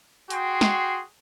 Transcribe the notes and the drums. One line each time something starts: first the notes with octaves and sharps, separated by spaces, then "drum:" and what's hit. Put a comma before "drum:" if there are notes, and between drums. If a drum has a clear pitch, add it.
F#4 G#4 G5 C6, drum: hi-hat
drum: snare